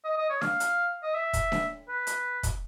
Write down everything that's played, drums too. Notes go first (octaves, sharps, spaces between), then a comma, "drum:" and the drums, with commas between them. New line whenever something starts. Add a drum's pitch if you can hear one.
D#5
D#5
C#5
F5, drum: snare D4
drum: hi-hat
D#5
E5
drum: kick, hi-hat
drum: snare D4
B4
drum: hi-hat
drum: kick, hi-hat